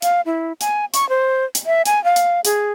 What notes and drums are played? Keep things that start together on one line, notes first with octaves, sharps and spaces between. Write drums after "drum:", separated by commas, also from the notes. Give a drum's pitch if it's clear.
F5, drum: hi-hat
E4
G#5, drum: hi-hat
C#6, drum: hi-hat
C5
drum: hi-hat
E5
G#5, drum: hi-hat
F5
drum: hi-hat
G#4, drum: hi-hat